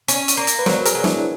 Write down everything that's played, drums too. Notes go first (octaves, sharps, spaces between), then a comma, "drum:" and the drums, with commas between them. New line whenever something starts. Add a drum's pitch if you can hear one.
C#4, drum: hi-hat
drum: hi-hat
A#3
drum: hi-hat
B4
F#3 A#4 C5, drum: snare
G#4 A#4, drum: hi-hat
F#3
D4 E4, drum: snare